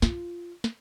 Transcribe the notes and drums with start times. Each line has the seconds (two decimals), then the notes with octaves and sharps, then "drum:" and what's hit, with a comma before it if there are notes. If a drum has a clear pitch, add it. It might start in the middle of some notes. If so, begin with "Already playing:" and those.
0.02 F4, drum: snare
0.64 drum: snare